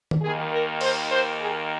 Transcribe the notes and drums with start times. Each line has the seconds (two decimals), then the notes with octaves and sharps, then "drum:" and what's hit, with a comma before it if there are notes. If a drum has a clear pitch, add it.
0.11 drum: tom
0.21 D#2 D#3 A#3 G#4
0.52 A#4
0.81 C5, drum: cymbal
1.10 C5
1.40 G#4